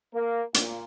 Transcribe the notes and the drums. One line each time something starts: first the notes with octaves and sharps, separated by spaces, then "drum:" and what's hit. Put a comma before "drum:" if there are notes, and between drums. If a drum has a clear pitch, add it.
A#3
A#2, drum: hi-hat